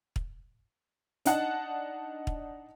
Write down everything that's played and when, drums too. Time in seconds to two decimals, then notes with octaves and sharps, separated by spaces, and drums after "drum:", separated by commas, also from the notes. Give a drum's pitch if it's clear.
0.16 drum: kick
1.25 D4 D#4 F#5 A5, drum: hi-hat
2.27 drum: kick